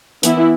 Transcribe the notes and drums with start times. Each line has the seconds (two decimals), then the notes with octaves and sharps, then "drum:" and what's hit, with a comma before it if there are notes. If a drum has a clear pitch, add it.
0.23 E3 B3 E4, drum: hi-hat